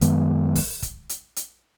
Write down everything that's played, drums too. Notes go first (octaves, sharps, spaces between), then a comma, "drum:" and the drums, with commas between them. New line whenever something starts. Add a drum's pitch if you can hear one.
F#2 D#3 G#3 B3, drum: hi-hat
drum: kick, open hi-hat
drum: kick, hi-hat
drum: hi-hat
drum: hi-hat